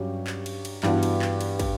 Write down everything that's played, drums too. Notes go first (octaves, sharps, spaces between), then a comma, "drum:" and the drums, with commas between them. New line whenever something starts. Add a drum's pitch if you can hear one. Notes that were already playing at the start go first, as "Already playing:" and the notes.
Already playing: G2 F#3 C#4 G4
drum: clap
drum: cymbal
drum: cymbal
G2 E3 B3 D4 F#4, drum: clap
drum: cymbal
drum: clap
drum: cymbal
drum: kick, cymbal